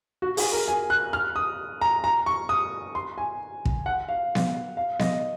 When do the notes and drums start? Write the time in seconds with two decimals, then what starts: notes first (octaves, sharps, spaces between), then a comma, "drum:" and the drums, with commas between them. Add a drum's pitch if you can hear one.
0.22 F#4
0.37 G#4, drum: open hi-hat
0.53 A#4
0.68 G#5
0.90 F#6
1.13 F6
1.36 D#6
1.81 A#5
2.04 A#5
2.26 C#6
2.49 D#6
2.95 C6
3.18 G#5
3.65 drum: kick
3.86 F#5
4.09 F5
4.35 drum: snare B3
4.77 F5
4.99 D#5, drum: snare B3